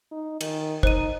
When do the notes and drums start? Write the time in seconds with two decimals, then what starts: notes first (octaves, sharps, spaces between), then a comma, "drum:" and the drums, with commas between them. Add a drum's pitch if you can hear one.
0.12 D#4
0.41 D#3, drum: cymbal
0.83 D#4 C5 D#7, drum: kick